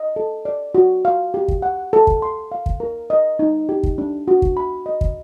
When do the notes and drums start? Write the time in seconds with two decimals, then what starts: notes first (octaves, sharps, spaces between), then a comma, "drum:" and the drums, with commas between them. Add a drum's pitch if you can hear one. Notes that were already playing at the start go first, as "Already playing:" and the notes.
Already playing: D#5
0.16 A4
0.45 D5
0.75 F#4
1.05 F5
1.34 G4
1.48 drum: kick
1.62 F#5
1.93 A4
2.07 drum: kick
2.22 C6
2.52 F5
2.66 drum: kick
2.80 A#4
3.10 D#5
3.39 D#4
3.69 G4
3.83 drum: kick
3.98 D4
4.28 F#4
4.42 drum: kick
4.57 B5
4.86 D#5
5.01 drum: kick